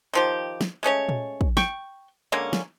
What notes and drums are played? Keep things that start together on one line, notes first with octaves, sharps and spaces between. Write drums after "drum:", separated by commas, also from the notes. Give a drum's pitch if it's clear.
D#3 F3 G4
drum: snare
G#3 A3 C#4 C#5
drum: tom A#2
drum: kick
G5 C#6, drum: snare
D3 G#3 A#3 C#4
drum: snare